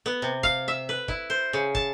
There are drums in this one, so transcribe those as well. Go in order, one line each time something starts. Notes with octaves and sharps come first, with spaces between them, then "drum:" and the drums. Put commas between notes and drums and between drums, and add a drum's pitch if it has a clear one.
B3
C3
F5, drum: kick
E5
B4
E4, drum: kick
C5
C#3
A5, drum: kick